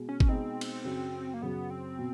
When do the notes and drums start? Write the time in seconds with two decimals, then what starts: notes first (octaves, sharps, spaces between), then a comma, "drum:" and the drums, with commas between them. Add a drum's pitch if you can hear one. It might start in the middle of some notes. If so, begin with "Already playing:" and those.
Already playing: B2 G#3
0.09 C#4
0.20 C#4, drum: kick
0.29 B2 G#3 B3 C4 D#4
0.61 drum: cymbal
0.85 F#2 C#3 F#3
1.34 A#3
1.42 F#2 C#3 F#3 B3
1.70 C4
1.99 B2